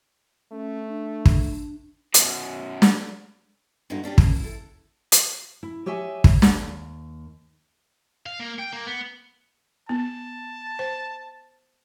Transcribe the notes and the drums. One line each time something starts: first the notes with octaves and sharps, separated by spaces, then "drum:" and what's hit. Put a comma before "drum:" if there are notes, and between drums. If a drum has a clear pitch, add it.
A3 C#4
D4
drum: kick
F#2 B2, drum: hi-hat
drum: snare
G2 D3 D#4 E4 F#4
C#4 D4 F4 G4
A#3 C#4, drum: kick
E4 A4
drum: hi-hat
E4
G4 C#5 D#5 E5 G#5
drum: kick
D#2, drum: snare
F5
A#3
G5
A#3
B3
B3 A5
C5